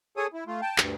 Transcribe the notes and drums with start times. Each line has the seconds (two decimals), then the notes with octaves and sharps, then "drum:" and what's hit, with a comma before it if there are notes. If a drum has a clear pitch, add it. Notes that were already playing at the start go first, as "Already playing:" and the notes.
0.17 G#4 A4 C#5 D#6
0.33 E4
0.47 A3 F4
0.62 G5 A5
0.78 D2 G2, drum: clap